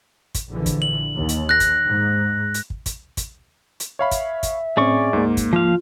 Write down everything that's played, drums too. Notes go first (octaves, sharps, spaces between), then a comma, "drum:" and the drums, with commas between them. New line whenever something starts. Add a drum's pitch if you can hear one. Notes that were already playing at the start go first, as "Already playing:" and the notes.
drum: kick, hi-hat
A#1 D3 E3
drum: kick, hi-hat
F#7
D#2
drum: hi-hat
F#6 A#6
drum: kick, hi-hat
G#2
drum: hi-hat
drum: kick
drum: kick, hi-hat
drum: kick, hi-hat
drum: hi-hat
C#5 E5 F5 B5
drum: kick, hi-hat
drum: kick, hi-hat
A2 C4 C#4 G#4 D5 C#6
D2 G#2 A#3
drum: kick, hi-hat
F3 F4 F5